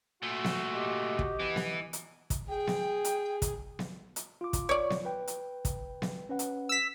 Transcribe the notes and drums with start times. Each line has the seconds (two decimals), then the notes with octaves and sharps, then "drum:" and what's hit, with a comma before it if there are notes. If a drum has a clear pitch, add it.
0.23 A#2 A3 F#4
0.44 drum: snare B3
0.73 G4 D#5
1.19 drum: kick
1.40 E3 B3
1.56 drum: snare B3
1.93 drum: hi-hat
2.30 drum: kick, hi-hat
2.49 G#4 G5
2.67 drum: snare B3
3.05 drum: hi-hat
3.42 drum: kick, hi-hat
3.79 drum: snare B3
4.16 drum: hi-hat
4.41 F4 D6
4.53 drum: kick, hi-hat
4.69 C#5 D5
4.90 drum: snare B3
5.05 B4 G5
5.27 drum: hi-hat
5.65 drum: kick, hi-hat
6.02 drum: snare B3
6.29 C#4 B4 F#5
6.39 drum: hi-hat
6.69 E6 B6